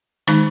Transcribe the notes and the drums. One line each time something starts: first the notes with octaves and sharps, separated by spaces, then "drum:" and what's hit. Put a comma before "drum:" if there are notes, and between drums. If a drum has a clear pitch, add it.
D#3 G#3 D#4, drum: rim click